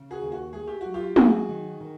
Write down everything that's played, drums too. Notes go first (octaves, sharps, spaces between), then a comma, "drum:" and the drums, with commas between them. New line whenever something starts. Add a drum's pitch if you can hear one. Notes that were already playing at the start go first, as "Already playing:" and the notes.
Already playing: C#3
F#4 G#4
D#2
F#4
A3 G#4
G4
F#3 F#4
F4 G4
F#3 F#4 G#4, drum: tom
D#3
D#3